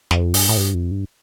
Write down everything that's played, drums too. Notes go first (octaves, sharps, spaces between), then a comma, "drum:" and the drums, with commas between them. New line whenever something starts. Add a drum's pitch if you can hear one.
F2, drum: snare
G2, drum: open hi-hat
A2
G2
F2
G2